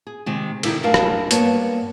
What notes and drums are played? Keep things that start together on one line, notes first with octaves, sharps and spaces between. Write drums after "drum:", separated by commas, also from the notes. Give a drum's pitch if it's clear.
G#4
C3 D#3 G#3
D#3 D#4 E4 G4 A4, drum: cymbal
F#2 A3 D4 A#4 F5 A5
drum: rim click
G2 A#3 B3 C#5 A5, drum: hi-hat